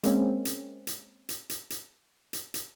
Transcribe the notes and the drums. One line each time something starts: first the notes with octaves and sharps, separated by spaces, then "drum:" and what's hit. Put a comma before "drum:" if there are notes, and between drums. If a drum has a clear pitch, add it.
G#3 A#3 C4 C#4, drum: hi-hat
drum: hi-hat
drum: hi-hat
drum: hi-hat
drum: hi-hat
drum: hi-hat
drum: hi-hat
drum: hi-hat